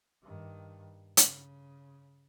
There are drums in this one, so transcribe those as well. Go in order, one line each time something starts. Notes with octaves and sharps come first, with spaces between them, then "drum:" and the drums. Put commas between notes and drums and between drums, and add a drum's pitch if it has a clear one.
G2 D#3
C#3, drum: hi-hat